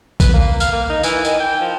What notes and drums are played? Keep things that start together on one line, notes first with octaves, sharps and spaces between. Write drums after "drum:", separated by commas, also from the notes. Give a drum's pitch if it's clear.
B4, drum: kick A#1, tambourine
A#3
F5, drum: tambourine
A#3
D#4
E3, drum: tambourine
D#3, drum: tambourine
G5
F3